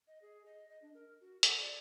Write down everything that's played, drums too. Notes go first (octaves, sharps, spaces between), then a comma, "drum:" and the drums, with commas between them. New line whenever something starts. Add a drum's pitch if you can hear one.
D#5
G#4
D#5
D#5
D4
A#4
F#4
F#5, drum: hi-hat
D5